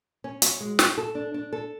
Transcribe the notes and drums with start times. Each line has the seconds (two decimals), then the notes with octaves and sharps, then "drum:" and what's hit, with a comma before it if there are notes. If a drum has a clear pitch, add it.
0.24 C#4
0.42 F#4, drum: hi-hat
0.60 G#3
0.79 F#4, drum: snare
0.98 A4
1.15 D4
1.34 D4
1.53 A4